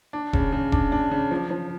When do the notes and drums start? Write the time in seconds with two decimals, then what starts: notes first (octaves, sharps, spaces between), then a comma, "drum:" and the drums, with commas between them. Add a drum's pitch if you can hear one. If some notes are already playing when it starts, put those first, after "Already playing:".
0.13 D4
0.33 C#3, drum: kick E1
0.52 C#3
0.72 D4, drum: kick E1
0.92 D4
1.11 C#3
1.31 F3
1.51 F3